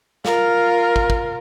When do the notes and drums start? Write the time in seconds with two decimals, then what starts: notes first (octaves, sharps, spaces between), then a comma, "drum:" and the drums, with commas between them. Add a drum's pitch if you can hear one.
0.25 F4 A#4, drum: snare
0.96 drum: kick
1.10 drum: kick